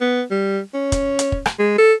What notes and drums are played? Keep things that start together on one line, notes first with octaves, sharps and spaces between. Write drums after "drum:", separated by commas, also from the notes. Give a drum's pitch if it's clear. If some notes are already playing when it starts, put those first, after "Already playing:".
B3
G3
C#4
drum: kick, hi-hat
drum: hi-hat
drum: kick
drum: rim click
G#3
A4